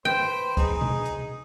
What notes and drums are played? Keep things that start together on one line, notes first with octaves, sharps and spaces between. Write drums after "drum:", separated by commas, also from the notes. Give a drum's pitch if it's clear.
B4 C5 G5
D#4 G#4, drum: kick, hi-hat
drum: tom B2
drum: hi-hat